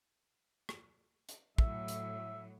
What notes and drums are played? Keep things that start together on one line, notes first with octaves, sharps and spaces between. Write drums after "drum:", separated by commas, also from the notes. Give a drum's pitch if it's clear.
drum: rim click
drum: hi-hat
A2 F#3 E5, drum: kick
drum: hi-hat